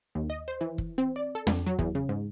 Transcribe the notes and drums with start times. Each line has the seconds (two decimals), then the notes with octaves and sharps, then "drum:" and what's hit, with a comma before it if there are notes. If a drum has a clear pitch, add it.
0.15 D#2
0.30 D#5
0.48 C5
0.61 E3
0.78 drum: kick
0.98 C4
1.16 D5
1.35 A4
1.47 F2, drum: snare
1.66 F#3
1.79 E2, drum: kick
1.95 C#3
2.09 G#2